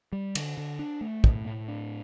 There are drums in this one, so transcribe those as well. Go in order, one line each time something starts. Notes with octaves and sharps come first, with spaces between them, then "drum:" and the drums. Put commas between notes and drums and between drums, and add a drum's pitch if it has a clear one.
G3
D3, drum: cymbal
D3
D4
A3
A2, drum: kick
A2
D4